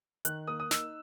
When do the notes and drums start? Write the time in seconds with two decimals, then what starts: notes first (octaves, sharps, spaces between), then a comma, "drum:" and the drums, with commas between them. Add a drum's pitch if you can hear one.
0.25 D#3 F#6, drum: hi-hat
0.47 A#3 D#6
0.60 D#6
0.71 D#4 E6, drum: snare